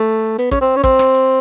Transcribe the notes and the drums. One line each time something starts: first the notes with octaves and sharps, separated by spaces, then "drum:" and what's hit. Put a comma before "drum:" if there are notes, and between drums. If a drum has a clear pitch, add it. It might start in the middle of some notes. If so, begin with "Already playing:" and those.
Already playing: A3
B3, drum: hi-hat
C#4, drum: kick, hi-hat
C4
C#4
C4, drum: kick, hi-hat
drum: rim click
drum: hi-hat